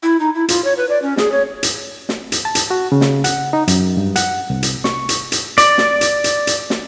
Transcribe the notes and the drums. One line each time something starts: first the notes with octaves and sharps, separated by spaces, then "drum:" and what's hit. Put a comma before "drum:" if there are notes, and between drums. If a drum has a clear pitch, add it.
E4
D#4
E4
F4, drum: hi-hat
C#5
B4
D5
C#4
G#4, drum: snare
C#5
drum: hi-hat
drum: snare
drum: hi-hat
A5
drum: hi-hat
F#4
C#3
drum: snare
F#5, drum: hi-hat
D#4
F#2, drum: hi-hat
G2
F#5, drum: hi-hat
C2
drum: hi-hat
C#6, drum: snare
drum: hi-hat
drum: hi-hat
D5, drum: hi-hat
drum: snare
drum: hi-hat
drum: hi-hat
drum: hi-hat
drum: snare